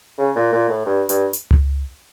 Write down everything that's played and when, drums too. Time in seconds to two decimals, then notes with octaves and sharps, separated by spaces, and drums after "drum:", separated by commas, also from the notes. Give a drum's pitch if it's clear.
0.19 C#3
0.36 A#2
0.52 A#2
0.69 A2
0.86 G2
1.09 G2, drum: hi-hat
1.33 drum: hi-hat
1.51 drum: tom C#2